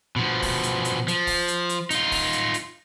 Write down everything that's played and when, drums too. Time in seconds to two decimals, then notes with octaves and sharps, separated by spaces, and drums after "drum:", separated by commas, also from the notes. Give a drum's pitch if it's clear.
0.16 B2 F3
0.42 drum: kick, open hi-hat
0.63 drum: hi-hat
0.85 drum: hi-hat
1.08 F3, drum: hi-hat
1.27 drum: kick, open hi-hat
1.48 drum: hi-hat
1.69 drum: hi-hat
1.90 D#4 F4, drum: hi-hat
2.12 drum: kick, open hi-hat
2.33 drum: hi-hat
2.54 drum: hi-hat